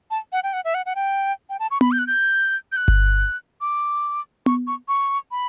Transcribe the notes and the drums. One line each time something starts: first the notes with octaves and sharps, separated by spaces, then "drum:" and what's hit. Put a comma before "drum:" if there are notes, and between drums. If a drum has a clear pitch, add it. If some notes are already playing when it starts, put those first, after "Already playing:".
A5
F#5
G5
F#5
E5
F#5
F#5
G5
G5
A5
C#6
B5, drum: tom B3
G6
F#6
G6
G6
F#6
drum: kick G1
D6
C#6, drum: tom B3
C#6
C#6
B5